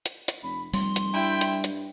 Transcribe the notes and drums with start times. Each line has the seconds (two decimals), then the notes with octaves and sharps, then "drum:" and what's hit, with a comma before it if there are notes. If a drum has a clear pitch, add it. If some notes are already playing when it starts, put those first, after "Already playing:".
0.06 drum: hi-hat
0.28 drum: hi-hat
0.43 F1 B5
0.73 F1 G3 C6, drum: open hi-hat
0.96 drum: hi-hat
1.14 G2 E4 G5
1.41 drum: hi-hat
1.64 drum: hi-hat